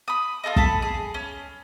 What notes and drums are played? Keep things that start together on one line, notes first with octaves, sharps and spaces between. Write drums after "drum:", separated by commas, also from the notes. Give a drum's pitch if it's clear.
B5 D#6
F4 G#4 A4 D#5
A4 A5 B5, drum: kick
G#4
C#4